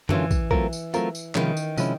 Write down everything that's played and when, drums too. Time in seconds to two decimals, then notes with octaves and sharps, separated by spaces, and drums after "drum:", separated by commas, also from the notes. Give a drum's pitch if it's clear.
0.09 D3 E3 F#3 A#3 C#4 F4, drum: tom F#2
0.31 drum: kick, tambourine
0.51 F#3 A3 C4 F4 A#4, drum: kick
0.73 drum: tambourine
0.94 F#3 A3 C4 F4 A#4, drum: tambourine
1.15 drum: tambourine
1.35 C3 D#3 F3 G#3 C#4 E4, drum: clap
1.57 drum: tambourine
1.78 C3 F3 G#3 C#4 E4, drum: tambourine